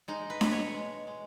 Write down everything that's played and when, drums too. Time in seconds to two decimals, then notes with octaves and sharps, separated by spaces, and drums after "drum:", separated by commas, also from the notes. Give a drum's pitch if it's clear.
0.08 G#3 D#4
0.30 B4
0.41 B2, drum: snare D4
0.52 C#5
0.74 G#3
1.07 G#3